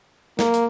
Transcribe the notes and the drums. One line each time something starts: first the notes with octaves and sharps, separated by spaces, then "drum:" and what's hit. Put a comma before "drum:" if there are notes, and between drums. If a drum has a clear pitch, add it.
A#3, drum: snare
drum: hi-hat